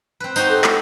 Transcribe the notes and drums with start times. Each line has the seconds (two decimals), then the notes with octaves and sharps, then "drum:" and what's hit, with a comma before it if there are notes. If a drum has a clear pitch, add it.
0.20 C4 B4
0.36 D#4 F#4 G4 C5, drum: tambourine
0.50 A4
0.64 A4, drum: clap